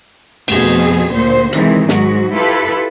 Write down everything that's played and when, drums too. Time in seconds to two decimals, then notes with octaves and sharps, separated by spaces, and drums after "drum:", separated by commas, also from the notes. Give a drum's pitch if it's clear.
0.48 F2 B2 A3 G#4, drum: cymbal
1.12 D2 A#2 C5
1.53 C3 D#3 E3 G#3 C4, drum: hi-hat
1.89 G#2 F#3 G#3 F#4, drum: snare
2.33 E4 F4 G4 A4 B4